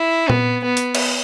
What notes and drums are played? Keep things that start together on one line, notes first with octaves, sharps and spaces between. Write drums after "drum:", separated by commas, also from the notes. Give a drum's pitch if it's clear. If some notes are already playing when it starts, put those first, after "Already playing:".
Already playing: E4
B3, drum: tom A#2
B3
drum: hi-hat
drum: cymbal